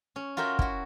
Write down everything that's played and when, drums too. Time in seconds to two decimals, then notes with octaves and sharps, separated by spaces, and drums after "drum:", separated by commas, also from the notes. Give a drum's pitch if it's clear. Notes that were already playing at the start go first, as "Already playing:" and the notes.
0.16 C#4
0.37 F4 F#4 A#4 E5 G5
0.59 E4 F#4, drum: kick